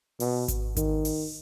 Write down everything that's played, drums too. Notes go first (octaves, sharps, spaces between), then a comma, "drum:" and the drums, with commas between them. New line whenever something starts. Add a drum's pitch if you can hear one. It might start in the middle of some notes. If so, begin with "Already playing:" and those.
B2, drum: open hi-hat
drum: kick G#1, hi-hat
D#3, drum: kick G#1, hi-hat
drum: open hi-hat